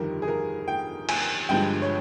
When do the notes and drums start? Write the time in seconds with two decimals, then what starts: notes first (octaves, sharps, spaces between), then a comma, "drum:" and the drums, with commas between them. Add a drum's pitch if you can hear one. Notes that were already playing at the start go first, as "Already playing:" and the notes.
Already playing: G1 F2 D#3 G3 A#4
0.22 G#4
0.28 A#4
0.68 G5
1.09 G#5, drum: cymbal
1.49 G1 G2 F3 G#3 G5
1.82 C#5